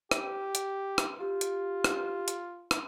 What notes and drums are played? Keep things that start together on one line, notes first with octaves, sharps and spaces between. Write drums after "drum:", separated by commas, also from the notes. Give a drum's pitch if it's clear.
G4, drum: rim click
drum: hi-hat
drum: rim click
F4 G4
drum: hi-hat
drum: rim click
drum: hi-hat
drum: rim click